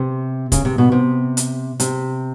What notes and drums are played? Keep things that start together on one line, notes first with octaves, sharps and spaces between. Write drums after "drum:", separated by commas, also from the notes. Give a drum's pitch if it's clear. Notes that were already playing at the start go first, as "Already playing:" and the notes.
Already playing: C3
C#3, drum: kick, hi-hat
C3
B2
C3
drum: hi-hat
C3, drum: hi-hat